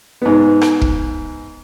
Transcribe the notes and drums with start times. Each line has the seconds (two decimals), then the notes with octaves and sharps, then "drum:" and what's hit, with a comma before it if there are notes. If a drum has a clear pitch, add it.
0.22 G#2 B3
0.61 drum: rim click
0.81 drum: kick